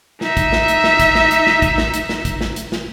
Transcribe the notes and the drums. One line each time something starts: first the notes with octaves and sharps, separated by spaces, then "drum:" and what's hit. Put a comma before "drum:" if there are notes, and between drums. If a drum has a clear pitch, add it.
D#4 E5, drum: snare
drum: kick, hi-hat
drum: snare
drum: hi-hat
drum: snare
drum: kick, hi-hat
drum: snare
drum: hi-hat
drum: snare
drum: kick, hi-hat
drum: snare
drum: hi-hat
drum: snare
drum: kick, hi-hat
drum: snare
drum: hi-hat
drum: snare